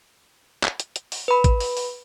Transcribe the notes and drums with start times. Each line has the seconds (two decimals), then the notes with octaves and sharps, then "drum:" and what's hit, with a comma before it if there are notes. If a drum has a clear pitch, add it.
0.63 drum: clap
0.80 drum: hi-hat
0.96 drum: hi-hat
1.12 drum: open hi-hat
1.28 B4 B5
1.44 drum: kick, hi-hat
1.60 drum: open hi-hat
1.77 drum: open hi-hat